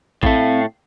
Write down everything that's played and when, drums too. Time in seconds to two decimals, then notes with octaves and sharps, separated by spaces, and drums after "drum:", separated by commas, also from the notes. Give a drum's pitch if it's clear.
0.23 A2 A3 C4 F5, drum: kick A1